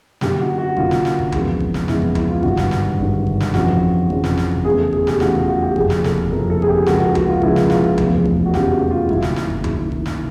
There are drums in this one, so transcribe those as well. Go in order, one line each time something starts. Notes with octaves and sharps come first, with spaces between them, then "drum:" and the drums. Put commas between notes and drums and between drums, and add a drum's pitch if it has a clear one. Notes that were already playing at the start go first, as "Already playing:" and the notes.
F#2 D3 F#3 A#3 G4, drum: snare
F#4
F#4
F#2 D3 F#3 A#3 F4, drum: kick G1
drum: snare
drum: snare
drum: kick G1
F2 C#3 E3 G#3 B3, drum: tom C#2
drum: kick G1
drum: snare
F2 C#3 E3 G#3 B3 E4, drum: snare
drum: kick G1
E4, drum: tom C#2
F4
G#1 G2 D3 F#4, drum: kick G1
drum: snare
drum: snare
drum: kick G1
G#1 G2 D3
drum: kick G1
drum: snare
F2 C#3 E3 F#4, drum: snare
drum: kick G1
F2 C#3 E3, drum: kick G1
drum: snare
drum: snare
drum: kick G1
E2 C#3 E3 A3 G#4
A4
G#4, drum: kick G1
G4, drum: snare
E2 C#3 E3 A3 F#4, drum: snare
F4, drum: kick G1
F#4
G4
F#1 F2 C3 G#4, drum: kick G1
drum: snare
A4, drum: snare
drum: kick G1
F#1 F2 C3 A#4
A4
G#4, drum: kick G1
G4
C#2 C#3 F3 A#3 F#4, drum: snare
F#4, drum: kick G1
F#4, drum: tom C#2
F4
C#2 C#3 F3 A#3 E4, drum: kick G1
drum: snare
F4, drum: snare
drum: kick G1
F1 E2 C#3 F3, drum: tom C#2
drum: kick G1
F#4
F1 E2 C#3 F3 G4, drum: snare
F#4
F4
F#1 F#2 D#3 F#3 E4, drum: kick G1
drum: snare
drum: snare
drum: kick G1
F#1 F#2 D#3 F#3, drum: tom C#2
drum: kick G1
drum: snare